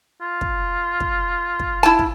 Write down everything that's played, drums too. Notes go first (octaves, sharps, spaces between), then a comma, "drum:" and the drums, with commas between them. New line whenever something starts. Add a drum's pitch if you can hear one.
F4
drum: kick
drum: kick
drum: kick
E4 A5
drum: kick